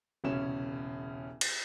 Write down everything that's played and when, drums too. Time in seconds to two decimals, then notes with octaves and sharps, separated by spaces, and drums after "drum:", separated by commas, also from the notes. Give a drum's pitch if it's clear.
0.24 E1 C2 C#3 C#4 E7
1.41 drum: cymbal